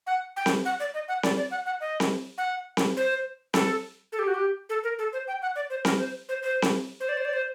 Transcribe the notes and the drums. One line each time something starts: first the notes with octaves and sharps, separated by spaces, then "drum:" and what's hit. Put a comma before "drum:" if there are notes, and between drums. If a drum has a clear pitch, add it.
F#5
G5
drum: snare C4
F#5
D5
D#5
F#5
D5, drum: snare C4
D5
F#5
F#5
D#5
drum: snare C4
F#5
drum: snare C4
C5
A4, drum: snare C4
A4
G4
F#4
G4
A4
A#4
A4
C5
G5
F#5
D5
C5
A#4, drum: snare C4
C5
C5
C5
drum: snare C4
C5
D5
C5
D5
C5